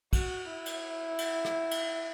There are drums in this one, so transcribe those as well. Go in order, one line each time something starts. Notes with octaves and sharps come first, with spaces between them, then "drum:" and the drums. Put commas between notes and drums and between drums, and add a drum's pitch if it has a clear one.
F#4, drum: kick, cymbal
E4
drum: cymbal
drum: cymbal
drum: rim click
drum: cymbal